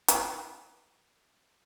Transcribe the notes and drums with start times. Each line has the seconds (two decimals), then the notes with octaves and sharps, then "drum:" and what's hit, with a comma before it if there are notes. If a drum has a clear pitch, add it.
0.08 drum: hi-hat
0.23 G2 E3 G3 D4
0.63 G2 E3 G3 D4
1.03 F2 E3 G3 A#3
1.42 E3 G3 A#3